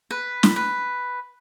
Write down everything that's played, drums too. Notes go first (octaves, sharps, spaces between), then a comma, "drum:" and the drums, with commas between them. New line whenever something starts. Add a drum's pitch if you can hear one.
B4
drum: snare
B4